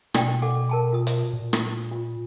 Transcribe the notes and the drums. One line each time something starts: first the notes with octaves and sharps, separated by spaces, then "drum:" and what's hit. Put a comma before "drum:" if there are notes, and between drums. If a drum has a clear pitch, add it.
B2 D4 D5 G5, drum: rim click
A4 F#5 D6
A#4 A5 B5
F4 D#6
drum: hi-hat
A#2
drum: rim click
F4